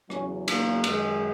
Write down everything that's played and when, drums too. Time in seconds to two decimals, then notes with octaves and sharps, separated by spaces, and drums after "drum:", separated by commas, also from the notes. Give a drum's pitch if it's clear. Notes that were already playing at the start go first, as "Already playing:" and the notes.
0.10 E2 C#3 F#3 C#4, drum: rim click
0.48 A#3, drum: cymbal
0.84 F#2 D#3 G#3, drum: cymbal